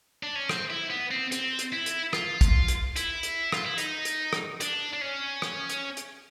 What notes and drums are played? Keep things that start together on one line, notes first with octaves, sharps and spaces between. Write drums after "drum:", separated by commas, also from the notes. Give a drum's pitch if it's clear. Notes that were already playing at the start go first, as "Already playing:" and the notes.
D4
C#4
C4, drum: rim click
E4
B3
C4
C4, drum: hi-hat
drum: hi-hat
E4
drum: hi-hat
F4, drum: rim click
drum: kick, hi-hat
drum: hi-hat
E4, drum: hi-hat
drum: hi-hat
F4, drum: rim click
E4
D#4, drum: hi-hat
drum: hi-hat
drum: rim click
D4, drum: hi-hat
D4
C#4
drum: rim click
drum: hi-hat
drum: hi-hat